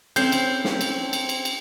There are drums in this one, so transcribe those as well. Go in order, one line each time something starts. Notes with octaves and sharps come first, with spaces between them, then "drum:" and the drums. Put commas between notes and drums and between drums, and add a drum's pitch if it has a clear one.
C4 C#4 E4 A4 G6 C7, drum: cymbal
drum: cymbal
drum: snare
drum: cymbal
drum: cymbal
drum: cymbal
drum: cymbal